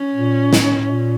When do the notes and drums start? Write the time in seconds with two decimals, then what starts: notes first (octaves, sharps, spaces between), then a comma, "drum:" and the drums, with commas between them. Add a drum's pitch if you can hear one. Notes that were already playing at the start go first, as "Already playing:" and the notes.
Already playing: C#4
0.14 A#2
0.53 A2, drum: snare
0.90 A#2